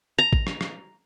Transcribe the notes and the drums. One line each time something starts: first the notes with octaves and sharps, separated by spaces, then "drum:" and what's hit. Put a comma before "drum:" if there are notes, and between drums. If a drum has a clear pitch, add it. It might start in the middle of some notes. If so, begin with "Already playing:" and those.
A#5
drum: kick
drum: rim click
drum: rim click